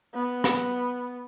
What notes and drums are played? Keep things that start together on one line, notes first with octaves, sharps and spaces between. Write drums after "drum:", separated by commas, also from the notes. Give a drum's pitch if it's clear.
B3
drum: rim click